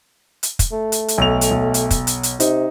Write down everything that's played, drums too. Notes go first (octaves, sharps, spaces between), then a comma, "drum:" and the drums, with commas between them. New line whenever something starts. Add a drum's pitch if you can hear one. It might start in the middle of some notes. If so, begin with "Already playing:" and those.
drum: hi-hat
drum: kick, hi-hat
A3
drum: hi-hat
drum: hi-hat
B1 F7
drum: hi-hat
B1
drum: hi-hat
drum: kick, hi-hat
drum: hi-hat
drum: hi-hat
C3 D#4, drum: hi-hat